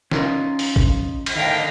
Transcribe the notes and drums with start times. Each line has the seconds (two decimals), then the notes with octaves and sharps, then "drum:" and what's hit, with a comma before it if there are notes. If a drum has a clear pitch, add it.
0.11 C#4 D#4 F4, drum: snare
0.59 drum: open hi-hat
0.76 drum: kick
1.26 drum: cymbal
1.35 A2 D3 D#3 D#5 F5 G5